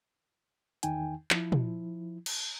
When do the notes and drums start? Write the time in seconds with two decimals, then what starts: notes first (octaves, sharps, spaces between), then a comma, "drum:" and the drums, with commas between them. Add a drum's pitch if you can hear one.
0.83 E2 D#3 D#4 G5 G#5, drum: hi-hat
1.31 F3 E4, drum: clap
1.52 drum: tom A#2
2.26 drum: cymbal